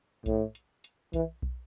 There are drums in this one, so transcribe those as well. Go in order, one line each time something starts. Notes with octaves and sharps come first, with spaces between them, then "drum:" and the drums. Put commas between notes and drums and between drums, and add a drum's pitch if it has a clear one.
A2, drum: kick B1, hi-hat
drum: hi-hat
drum: hi-hat
E3, drum: kick B1, hi-hat
drum: kick B1